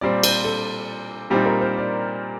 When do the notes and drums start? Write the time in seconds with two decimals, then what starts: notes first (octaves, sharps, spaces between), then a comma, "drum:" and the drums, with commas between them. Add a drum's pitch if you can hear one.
0.01 A#2 G3 C4 D5
0.23 C5, drum: cymbal
0.45 A4
1.30 A#2 G3 C4 D#4 G4
1.46 A#4
1.61 C5
1.77 D5